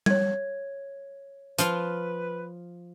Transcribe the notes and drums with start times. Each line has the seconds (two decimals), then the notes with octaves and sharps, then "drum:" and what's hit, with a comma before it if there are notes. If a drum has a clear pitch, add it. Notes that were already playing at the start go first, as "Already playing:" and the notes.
0.06 C#5 G#6, drum: tom G3
1.59 F3 F4 B4, drum: hi-hat